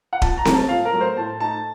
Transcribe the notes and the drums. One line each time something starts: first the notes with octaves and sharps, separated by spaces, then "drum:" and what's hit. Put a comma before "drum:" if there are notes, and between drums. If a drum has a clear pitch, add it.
F#5
A#2 A5, drum: kick D#1
A#5
F#3 A3, drum: snare C4
A5
A#2 F5
A#4
F#3 A3
C5
A2 A5
A3 D#4 A5